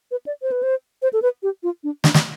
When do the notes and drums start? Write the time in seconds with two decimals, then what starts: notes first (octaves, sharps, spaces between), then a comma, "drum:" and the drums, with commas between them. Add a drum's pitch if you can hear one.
0.11 B4
0.27 D5
0.42 C5
0.52 B4
0.63 C5
1.02 C5
1.13 A4
1.22 B4
1.43 G4
1.63 F4
1.84 D4
2.04 D4, drum: snare
2.14 drum: snare